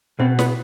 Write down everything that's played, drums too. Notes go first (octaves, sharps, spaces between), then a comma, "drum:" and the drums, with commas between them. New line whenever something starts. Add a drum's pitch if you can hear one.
B2 C4
B3, drum: snare